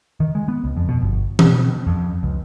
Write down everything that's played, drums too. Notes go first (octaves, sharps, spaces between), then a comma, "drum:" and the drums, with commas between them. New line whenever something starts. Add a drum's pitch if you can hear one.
D#3
G#3
B3
C#2
F2
B2
G1
B2, drum: tom E3
F2
C#2